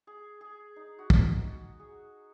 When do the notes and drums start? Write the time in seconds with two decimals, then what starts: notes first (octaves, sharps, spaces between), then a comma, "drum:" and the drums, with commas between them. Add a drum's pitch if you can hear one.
0.07 G#4
0.41 G#4
0.76 D#4
0.99 F#4
1.10 drum: kick
1.22 D#4
1.45 F#4
1.79 G#4